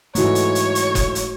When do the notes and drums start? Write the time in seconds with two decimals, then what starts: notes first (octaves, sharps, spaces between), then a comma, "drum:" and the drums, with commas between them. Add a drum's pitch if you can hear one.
0.15 G#2 E3 A3 F#4 C#5, drum: hi-hat
0.35 drum: hi-hat
0.55 drum: hi-hat
0.75 drum: hi-hat
0.95 drum: kick F#1, hi-hat
1.15 drum: hi-hat